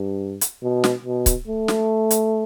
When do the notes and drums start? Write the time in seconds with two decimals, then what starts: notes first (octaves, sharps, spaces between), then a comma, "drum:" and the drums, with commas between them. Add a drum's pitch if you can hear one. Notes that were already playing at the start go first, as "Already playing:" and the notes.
Already playing: G2
0.41 drum: hi-hat
0.63 B2
0.84 drum: snare
1.05 B2
1.26 drum: kick C#1, hi-hat
1.47 A3
1.68 drum: snare
2.11 drum: hi-hat